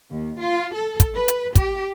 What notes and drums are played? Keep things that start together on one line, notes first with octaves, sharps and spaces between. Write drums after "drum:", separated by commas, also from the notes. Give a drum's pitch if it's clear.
D#2
F4
A4
drum: kick, hi-hat
B4
drum: hi-hat
G4, drum: kick, hi-hat